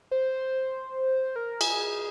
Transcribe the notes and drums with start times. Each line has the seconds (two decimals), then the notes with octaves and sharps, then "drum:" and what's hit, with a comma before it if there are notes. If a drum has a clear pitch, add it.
0.11 C5
1.36 A#4
1.61 G#4, drum: cymbal